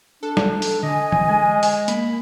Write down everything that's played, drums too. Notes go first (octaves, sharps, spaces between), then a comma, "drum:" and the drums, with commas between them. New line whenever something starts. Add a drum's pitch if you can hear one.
D4 A4
drum: snare
drum: open hi-hat
D3 D#5 G#5
drum: tom
G#3
drum: open hi-hat
A#3 B5, drum: hi-hat